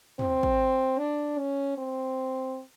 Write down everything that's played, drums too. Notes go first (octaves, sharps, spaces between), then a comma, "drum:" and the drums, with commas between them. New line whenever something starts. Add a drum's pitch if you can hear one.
C4, drum: tom
drum: kick
D4
C#4
C4